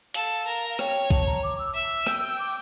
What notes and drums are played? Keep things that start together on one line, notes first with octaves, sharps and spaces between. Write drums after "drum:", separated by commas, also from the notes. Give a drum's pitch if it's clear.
A4 F5, drum: hi-hat
A#4
F5
C#5 G5, drum: rim click
A5, drum: kick
A#5
D6
E6
E5 E6
G5, drum: rim click
E6
D6